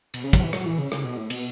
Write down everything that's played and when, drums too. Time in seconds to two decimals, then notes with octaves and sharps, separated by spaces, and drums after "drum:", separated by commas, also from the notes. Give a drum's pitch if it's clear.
0.14 B2, drum: cymbal
0.24 C#3
0.33 F#3, drum: kick, cymbal
0.43 E3
0.53 F#3, drum: rim click
0.66 E3
0.79 C#3
0.92 C#3, drum: rim click
1.04 B2
1.17 A2
1.30 B2, drum: cymbal